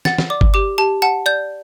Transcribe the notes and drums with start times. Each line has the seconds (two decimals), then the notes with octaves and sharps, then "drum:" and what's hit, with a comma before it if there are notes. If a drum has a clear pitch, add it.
0.05 F#5 A6, drum: snare
0.18 drum: snare
0.30 D5 D6
0.41 drum: kick G1
0.54 G4 D6
0.78 G4 A5
1.02 F#5 A5
1.26 D5 G6